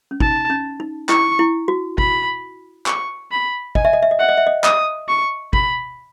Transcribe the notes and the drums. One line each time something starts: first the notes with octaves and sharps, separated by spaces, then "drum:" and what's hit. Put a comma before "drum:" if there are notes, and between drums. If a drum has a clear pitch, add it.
C#4
D#4 A5, drum: kick
C#4
D#4
E4 C#6, drum: clap
E4
F#4
B5, drum: kick
C#6, drum: clap
B5
D#5 G#5, drum: kick
E5
D#5
E5
D#5
E5 F#5
D#5
E5
D#5
D#5 D#6, drum: clap
C#6
B5, drum: kick